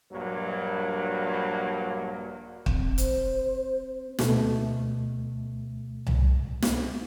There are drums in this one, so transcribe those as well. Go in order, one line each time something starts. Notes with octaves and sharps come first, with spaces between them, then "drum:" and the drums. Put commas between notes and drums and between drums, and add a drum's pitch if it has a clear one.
A#1 G2 F#3 A#3
C4, drum: kick
C5, drum: hi-hat
D2 B2 A3, drum: snare
drum: tom C2
drum: snare